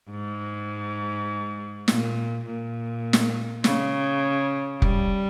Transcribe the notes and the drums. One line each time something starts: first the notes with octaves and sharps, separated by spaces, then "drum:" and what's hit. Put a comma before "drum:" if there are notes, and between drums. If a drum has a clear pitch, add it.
G#2
A#2, drum: snare
A#2
drum: snare
C#3, drum: snare
G3, drum: kick